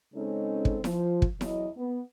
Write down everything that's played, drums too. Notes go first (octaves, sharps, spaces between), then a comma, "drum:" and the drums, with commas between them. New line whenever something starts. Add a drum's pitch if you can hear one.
C#3 G#3 C4 C#4 D#4 A4
drum: kick
F3, drum: snare E4
drum: kick
E2 F#3 E4 D#5, drum: snare E4
B3